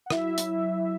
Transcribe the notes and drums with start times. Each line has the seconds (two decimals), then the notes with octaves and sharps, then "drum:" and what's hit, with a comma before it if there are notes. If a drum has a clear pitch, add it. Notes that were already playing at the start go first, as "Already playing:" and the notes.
0.06 F#5
0.10 F#3 E4 E5, drum: rim click
0.38 drum: hi-hat